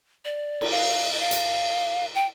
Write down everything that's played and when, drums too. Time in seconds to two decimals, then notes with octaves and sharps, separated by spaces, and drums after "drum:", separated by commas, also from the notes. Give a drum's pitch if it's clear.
0.25 D5
0.61 drum: cymbal
0.71 F5
1.13 D#5
1.20 F5
1.31 drum: hi-hat
2.15 G5